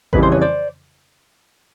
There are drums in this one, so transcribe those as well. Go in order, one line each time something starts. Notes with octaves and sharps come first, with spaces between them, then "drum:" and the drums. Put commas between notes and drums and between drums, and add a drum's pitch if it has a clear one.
F2 C#3 E3 G3 B4, drum: kick A1
C5
B4 C#5
C5 D5